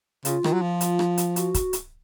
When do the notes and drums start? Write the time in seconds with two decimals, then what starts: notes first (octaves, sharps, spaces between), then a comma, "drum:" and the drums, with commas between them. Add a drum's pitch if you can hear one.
0.25 C#3 F4, drum: hi-hat
0.44 D#3, drum: rim click
0.53 F#3
0.62 F3
0.81 drum: hi-hat
0.99 drum: rim click
1.18 drum: hi-hat
1.36 F#4, drum: hi-hat
1.54 drum: kick, hi-hat
1.73 drum: hi-hat